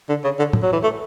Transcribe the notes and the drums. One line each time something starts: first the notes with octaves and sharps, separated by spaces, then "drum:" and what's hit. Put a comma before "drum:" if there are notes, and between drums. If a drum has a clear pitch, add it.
D3
C#3
D3
drum: tom
F#3
E3
A3